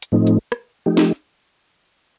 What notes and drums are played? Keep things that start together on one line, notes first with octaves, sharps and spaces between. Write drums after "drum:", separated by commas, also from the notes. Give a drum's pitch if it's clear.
drum: hi-hat
A2 F3 A3 C4 D#4
drum: hi-hat
drum: rim click
F3 A3 D#4 G4
drum: snare